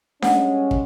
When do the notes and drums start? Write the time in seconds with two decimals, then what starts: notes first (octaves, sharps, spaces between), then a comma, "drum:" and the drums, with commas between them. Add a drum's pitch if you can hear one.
0.22 G3 G#3 C#4 F#5, drum: snare D4
0.71 drum: kick